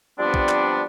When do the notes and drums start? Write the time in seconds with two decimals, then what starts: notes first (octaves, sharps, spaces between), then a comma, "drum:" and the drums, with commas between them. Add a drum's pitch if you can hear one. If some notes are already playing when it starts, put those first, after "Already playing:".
0.19 F3 G3 B3 C4 D4
0.34 drum: kick A#1
0.49 drum: clap